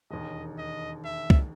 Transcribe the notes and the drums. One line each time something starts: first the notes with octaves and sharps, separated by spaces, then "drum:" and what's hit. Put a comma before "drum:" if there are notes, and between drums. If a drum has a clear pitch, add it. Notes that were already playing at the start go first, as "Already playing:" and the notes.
E1 D#2 D#3 D#5
D#5
E5
drum: kick